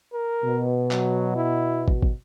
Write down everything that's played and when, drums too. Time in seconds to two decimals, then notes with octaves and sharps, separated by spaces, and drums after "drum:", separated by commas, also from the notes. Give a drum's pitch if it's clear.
0.13 A#4
0.45 B2
0.91 F#3, drum: clap
1.36 E4
1.88 drum: kick
2.02 drum: kick